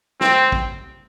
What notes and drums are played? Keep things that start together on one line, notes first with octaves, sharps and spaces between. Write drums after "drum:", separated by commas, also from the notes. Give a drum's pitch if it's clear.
C4, drum: snare
drum: kick